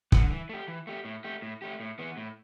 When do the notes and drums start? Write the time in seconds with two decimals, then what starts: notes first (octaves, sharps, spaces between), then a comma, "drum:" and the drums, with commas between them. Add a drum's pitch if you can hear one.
0.12 D3 B3, drum: kick
0.31 E3
0.49 A3 G4
0.68 E3
0.87 A3 G4
1.05 A2
1.24 A3 G4
1.42 A2
1.62 A3 G4
1.80 A2
1.99 E3 B3
2.17 A2